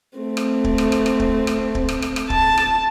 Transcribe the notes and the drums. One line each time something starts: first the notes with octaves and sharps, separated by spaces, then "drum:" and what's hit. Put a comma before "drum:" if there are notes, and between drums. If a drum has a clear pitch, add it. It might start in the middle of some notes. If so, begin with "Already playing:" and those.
A3 C4
drum: rim click
drum: kick
drum: rim click
drum: rim click
drum: rim click
drum: kick
drum: rim click
drum: kick
drum: rim click
drum: rim click
drum: rim click
A5, drum: kick
drum: rim click